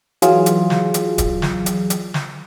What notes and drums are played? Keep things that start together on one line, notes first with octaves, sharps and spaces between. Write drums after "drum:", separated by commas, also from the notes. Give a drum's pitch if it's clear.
E3 F#3 F4 G#4, drum: hi-hat
drum: hi-hat
drum: snare
drum: hi-hat
drum: kick, hi-hat
drum: snare
drum: hi-hat
drum: hi-hat
drum: snare